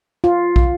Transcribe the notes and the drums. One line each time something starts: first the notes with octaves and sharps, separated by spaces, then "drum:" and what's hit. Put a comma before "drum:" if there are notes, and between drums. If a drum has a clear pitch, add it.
F4
drum: kick